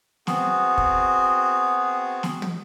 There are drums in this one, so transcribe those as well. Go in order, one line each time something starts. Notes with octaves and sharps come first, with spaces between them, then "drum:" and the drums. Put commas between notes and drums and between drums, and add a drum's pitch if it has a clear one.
B3 C4 F#4 G#4, drum: snare
drum: kick
drum: snare
drum: tom